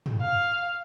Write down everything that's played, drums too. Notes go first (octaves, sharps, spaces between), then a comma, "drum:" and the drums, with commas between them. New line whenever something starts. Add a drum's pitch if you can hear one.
drum: tom
F5